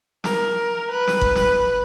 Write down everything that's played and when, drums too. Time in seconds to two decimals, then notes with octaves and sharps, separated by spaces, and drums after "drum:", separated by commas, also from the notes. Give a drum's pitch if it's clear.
0.24 A#4, drum: snare
0.91 B4
1.07 drum: snare
1.21 drum: kick G1
1.35 drum: snare